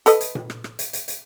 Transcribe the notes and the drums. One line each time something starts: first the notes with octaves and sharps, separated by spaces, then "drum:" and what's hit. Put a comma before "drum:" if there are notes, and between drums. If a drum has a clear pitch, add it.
A4 B4 D#5, drum: hi-hat
drum: hi-hat
drum: tom A#2
drum: rim click
drum: rim click
drum: hi-hat
drum: hi-hat
drum: hi-hat